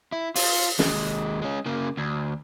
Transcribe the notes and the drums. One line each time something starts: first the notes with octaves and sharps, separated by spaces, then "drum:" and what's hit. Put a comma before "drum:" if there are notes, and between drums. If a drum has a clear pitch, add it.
E4
F4, drum: open hi-hat
D#2 G#3, drum: snare
G#3 C#4
C#3 A#3
D2